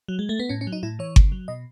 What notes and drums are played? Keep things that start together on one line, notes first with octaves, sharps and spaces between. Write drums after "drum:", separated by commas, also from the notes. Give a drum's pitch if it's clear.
F#3
G#3
A3
B3
A2 C#4
C#4
F#3
D#4
A2 E4
E3 C#5
C#3, drum: kick G1
F#3
B2 D#5